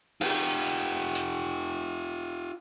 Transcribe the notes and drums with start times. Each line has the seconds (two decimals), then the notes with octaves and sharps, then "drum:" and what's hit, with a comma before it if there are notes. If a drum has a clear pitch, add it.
0.21 F4 G4, drum: cymbal
1.15 drum: hi-hat